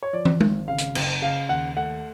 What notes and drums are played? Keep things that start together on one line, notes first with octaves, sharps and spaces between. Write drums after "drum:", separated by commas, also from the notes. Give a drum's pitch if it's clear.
C#5
F3 D5
drum: tom
G#1, drum: tom G#3
C#3 F5
drum: hi-hat
F#1, drum: cymbal
C#3 F5
D#2 F#5
A3 F#5